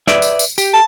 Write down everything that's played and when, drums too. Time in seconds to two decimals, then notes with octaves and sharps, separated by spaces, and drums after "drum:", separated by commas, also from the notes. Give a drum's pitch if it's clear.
0.07 B4 D5 E5, drum: snare
0.22 drum: tambourine
0.39 drum: tambourine
0.58 G4, drum: tambourine
0.74 A5